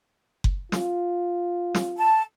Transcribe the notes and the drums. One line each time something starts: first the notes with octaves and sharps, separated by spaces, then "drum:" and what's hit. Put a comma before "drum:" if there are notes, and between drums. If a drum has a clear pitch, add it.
drum: kick F#1
F4, drum: snare
drum: snare
A5